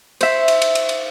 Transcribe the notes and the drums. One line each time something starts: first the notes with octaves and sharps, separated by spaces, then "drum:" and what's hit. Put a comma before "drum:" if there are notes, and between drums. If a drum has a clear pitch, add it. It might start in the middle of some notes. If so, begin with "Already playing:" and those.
C5 E5, drum: cymbal
drum: cymbal
drum: cymbal
drum: cymbal
drum: cymbal